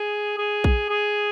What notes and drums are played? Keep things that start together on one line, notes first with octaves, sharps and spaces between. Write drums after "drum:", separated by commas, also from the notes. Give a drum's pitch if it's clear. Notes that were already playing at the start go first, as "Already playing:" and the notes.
Already playing: G#4
G#4
drum: kick A#1
G#4